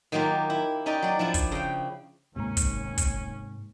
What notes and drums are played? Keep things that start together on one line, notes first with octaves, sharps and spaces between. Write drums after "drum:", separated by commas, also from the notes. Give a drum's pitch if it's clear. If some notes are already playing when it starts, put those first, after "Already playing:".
D#3 F#3 A#3 F4 G4
E4
C#4 D#4 G4 D5 D#5
F#3 D5
F3 D4 E4
drum: kick, hi-hat
C#3 G5
D#2 G#2 C3 G#3 A#3 C#4
drum: kick, hi-hat
drum: kick, hi-hat